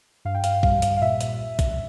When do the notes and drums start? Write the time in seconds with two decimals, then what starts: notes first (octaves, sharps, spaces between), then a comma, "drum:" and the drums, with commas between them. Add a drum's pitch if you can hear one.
0.25 G2 F5
0.35 G5
0.44 F5, drum: hi-hat
0.63 G3 F5, drum: kick A#1
0.82 drum: hi-hat
0.97 F5
1.01 A#2 E5
1.21 drum: hi-hat
1.59 drum: kick A#1, hi-hat